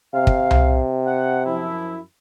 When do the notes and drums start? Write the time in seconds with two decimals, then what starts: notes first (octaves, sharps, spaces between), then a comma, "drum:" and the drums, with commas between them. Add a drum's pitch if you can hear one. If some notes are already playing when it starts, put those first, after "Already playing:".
0.14 C3 F5
0.27 drum: kick
0.51 drum: tom C2
1.06 F#5
1.46 F#2 F3 E4